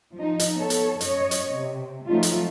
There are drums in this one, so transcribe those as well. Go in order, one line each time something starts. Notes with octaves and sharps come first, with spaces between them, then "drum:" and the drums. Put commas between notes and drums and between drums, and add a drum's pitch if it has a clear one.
F3 D#4
drum: hi-hat
B3 A4 C#5
drum: hi-hat
F#2 C#5 D#5, drum: hi-hat
drum: hi-hat
C3
F3 F#3 A3 C4 D#4 F4
drum: hi-hat